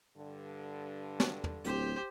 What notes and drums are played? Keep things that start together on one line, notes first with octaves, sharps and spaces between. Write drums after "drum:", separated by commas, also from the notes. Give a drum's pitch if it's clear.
G2 D3
drum: snare
drum: tom
D1 G4 C5, drum: hi-hat